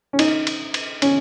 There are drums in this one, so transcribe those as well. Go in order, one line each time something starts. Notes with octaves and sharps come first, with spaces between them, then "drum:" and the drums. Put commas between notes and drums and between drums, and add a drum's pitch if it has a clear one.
C#4
D#4, drum: cymbal
drum: cymbal
drum: cymbal
C#4, drum: cymbal